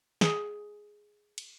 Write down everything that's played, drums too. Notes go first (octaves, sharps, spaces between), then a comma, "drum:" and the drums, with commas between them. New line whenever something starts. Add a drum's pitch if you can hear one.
G#4, drum: snare
drum: cymbal